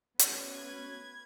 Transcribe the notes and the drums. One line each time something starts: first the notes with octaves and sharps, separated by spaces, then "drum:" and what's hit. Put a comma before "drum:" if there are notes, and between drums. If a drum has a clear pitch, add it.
A3 B3 C#4 F#4 B4, drum: hi-hat
G#6